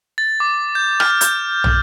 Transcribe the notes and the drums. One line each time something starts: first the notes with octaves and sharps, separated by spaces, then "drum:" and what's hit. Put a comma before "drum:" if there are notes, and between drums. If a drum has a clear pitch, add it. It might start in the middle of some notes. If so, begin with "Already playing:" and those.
A6
D6
G6
F6, drum: rim click
G6, drum: hi-hat
drum: tom